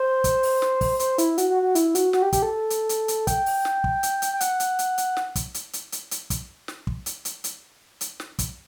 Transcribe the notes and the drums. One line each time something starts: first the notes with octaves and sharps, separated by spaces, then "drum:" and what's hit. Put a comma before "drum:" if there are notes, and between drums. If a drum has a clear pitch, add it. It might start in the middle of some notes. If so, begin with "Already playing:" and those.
Already playing: C5
drum: kick, hi-hat
drum: open hi-hat
drum: snare
drum: kick, open hi-hat
C5, drum: hi-hat
E4, drum: hi-hat
F#4, drum: hi-hat
F#4
F#4
E4, drum: hi-hat
F#4, drum: hi-hat
F#4, drum: snare
G4
G4, drum: kick, hi-hat
A4
drum: hi-hat
drum: hi-hat
drum: hi-hat
G5, drum: kick, hi-hat
drum: open hi-hat
drum: snare
drum: kick
drum: hi-hat
drum: hi-hat
G5
F#5, drum: hi-hat
drum: hi-hat
drum: hi-hat
drum: hi-hat
drum: snare
drum: kick, hi-hat
drum: hi-hat
drum: hi-hat
drum: hi-hat
drum: hi-hat
drum: kick, hi-hat
drum: snare
drum: kick
drum: hi-hat
drum: hi-hat
drum: hi-hat
drum: hi-hat
drum: snare
drum: kick, hi-hat